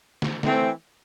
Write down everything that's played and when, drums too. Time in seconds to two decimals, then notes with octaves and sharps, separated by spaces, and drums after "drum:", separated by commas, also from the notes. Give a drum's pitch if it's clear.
0.22 drum: snare
0.43 E3 A3 C4, drum: snare